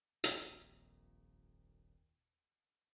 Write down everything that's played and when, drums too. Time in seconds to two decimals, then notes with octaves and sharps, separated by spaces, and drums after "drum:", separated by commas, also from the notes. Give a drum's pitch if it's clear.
0.24 D#1 A#1 F2 A#2, drum: hi-hat